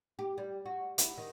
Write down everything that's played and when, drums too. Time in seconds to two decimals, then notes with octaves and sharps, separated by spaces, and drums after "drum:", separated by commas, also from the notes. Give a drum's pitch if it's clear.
0.19 G4
0.38 G3
0.66 F#4
0.98 E4, drum: hi-hat
1.18 D#3